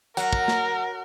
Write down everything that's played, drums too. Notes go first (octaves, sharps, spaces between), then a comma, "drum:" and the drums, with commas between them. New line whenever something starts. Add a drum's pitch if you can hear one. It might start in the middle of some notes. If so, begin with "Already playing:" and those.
F#3 A#4 F#5, drum: hi-hat
drum: kick
drum: snare